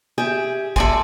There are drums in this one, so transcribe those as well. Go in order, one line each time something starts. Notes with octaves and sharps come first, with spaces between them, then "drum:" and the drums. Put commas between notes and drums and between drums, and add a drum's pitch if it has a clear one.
G4 G#4 E5
A4 D5 E5 G#5 C6, drum: kick